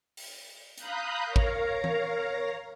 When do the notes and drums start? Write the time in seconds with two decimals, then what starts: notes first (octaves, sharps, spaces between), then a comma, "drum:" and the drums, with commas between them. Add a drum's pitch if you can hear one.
0.17 drum: open hi-hat
0.78 F5 A#5 B5 D#6 F#6 G6, drum: hi-hat
1.25 A#4 C#5 F5 A#5
1.36 drum: kick
1.84 drum: tom E3